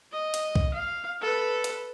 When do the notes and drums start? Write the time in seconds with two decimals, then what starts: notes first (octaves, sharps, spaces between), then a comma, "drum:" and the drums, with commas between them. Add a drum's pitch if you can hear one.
0.12 D#5
0.34 drum: hi-hat
0.56 drum: kick
0.74 F5
1.21 A4 B4
1.64 drum: hi-hat